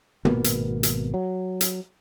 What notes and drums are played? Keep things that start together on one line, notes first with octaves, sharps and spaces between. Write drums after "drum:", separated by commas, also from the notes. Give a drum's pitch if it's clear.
G#1 B2 A#3 B3, drum: tom
drum: hi-hat
drum: hi-hat
F#3
drum: hi-hat